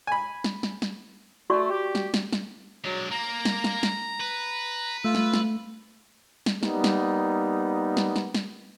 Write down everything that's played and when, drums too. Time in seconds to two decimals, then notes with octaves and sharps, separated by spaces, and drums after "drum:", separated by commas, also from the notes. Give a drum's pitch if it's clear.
0.07 G#5 B5
0.44 drum: snare
0.63 drum: snare
0.82 drum: snare
1.50 A3 F#4 D5 C#6
1.70 G4
1.95 drum: snare
2.14 drum: snare
2.33 drum: snare
2.84 F#3 G#3 D4
3.11 A#3 A#5
3.45 drum: snare
3.64 drum: snare
3.83 drum: snare
4.21 B4
5.05 A3 F4 E6
5.15 drum: snare
5.34 drum: snare
6.46 drum: snare
6.63 G3 A#3 B3 D#4, drum: snare
6.84 drum: snare
7.97 drum: snare
8.16 drum: snare
8.34 drum: snare